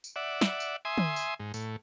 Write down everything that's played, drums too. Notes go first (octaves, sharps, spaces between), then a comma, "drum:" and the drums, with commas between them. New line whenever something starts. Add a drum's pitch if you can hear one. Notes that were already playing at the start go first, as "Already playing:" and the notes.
drum: tambourine
D5 E5 F#5
drum: snare
drum: tambourine
E5 G#5 C6 D#6
drum: tom
drum: tambourine
G#2
A2, drum: tambourine